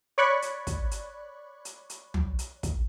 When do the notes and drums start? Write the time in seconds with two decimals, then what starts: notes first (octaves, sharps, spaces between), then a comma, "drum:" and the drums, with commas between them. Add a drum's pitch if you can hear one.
0.18 C#5 D5 B5 C#6 F#6 G#6
0.42 drum: hi-hat
0.67 drum: kick, hi-hat
0.91 drum: hi-hat
1.65 drum: hi-hat
1.90 drum: hi-hat
2.14 drum: tom
2.39 drum: hi-hat
2.63 drum: kick, hi-hat